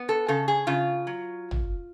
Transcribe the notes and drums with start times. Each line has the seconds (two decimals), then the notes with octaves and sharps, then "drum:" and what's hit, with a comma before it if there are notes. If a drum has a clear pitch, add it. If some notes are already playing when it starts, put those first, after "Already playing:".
Already playing: B3
0.09 A4
0.28 C#3 A4
0.48 G#4
0.67 C#3 F4
1.07 F#3
1.51 drum: tom